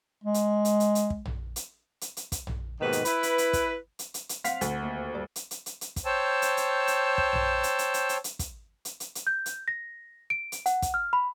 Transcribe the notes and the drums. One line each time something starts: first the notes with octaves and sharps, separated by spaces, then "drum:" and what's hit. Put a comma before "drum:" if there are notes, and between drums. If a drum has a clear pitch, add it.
G#3
drum: hi-hat
drum: hi-hat
drum: hi-hat
drum: hi-hat
drum: kick
drum: tom A#1
drum: hi-hat
drum: hi-hat
drum: hi-hat
drum: kick, hi-hat
drum: tom A#1
D#2 G#2 B2 D#3 B4
drum: hi-hat
E4 B4, drum: hi-hat
drum: hi-hat
drum: hi-hat
drum: kick, hi-hat
drum: hi-hat
drum: hi-hat
drum: hi-hat
C4 F5 F#5 B6, drum: hi-hat
D2, drum: hi-hat
D#2
G2 D5 D6
drum: hi-hat
drum: hi-hat
drum: hi-hat
drum: hi-hat
drum: kick, hi-hat
C5 C#5 G5 A5 E6
drum: hi-hat
drum: hi-hat
drum: hi-hat
drum: kick
drum: tom A#1
drum: hi-hat
drum: hi-hat
drum: hi-hat
drum: hi-hat
drum: hi-hat
drum: kick, hi-hat
drum: hi-hat
drum: hi-hat
drum: hi-hat
G6
drum: hi-hat
A#6
D7
drum: hi-hat
F#5, drum: hi-hat
drum: kick, hi-hat
F6
B5